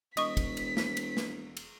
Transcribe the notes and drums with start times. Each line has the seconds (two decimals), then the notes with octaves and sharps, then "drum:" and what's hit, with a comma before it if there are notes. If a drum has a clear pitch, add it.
0.17 E1 D#5 C#6 D#6 B6, drum: cymbal
0.37 drum: kick, cymbal
0.57 drum: cymbal
0.77 drum: snare
0.97 drum: cymbal
1.17 drum: snare
1.57 drum: cymbal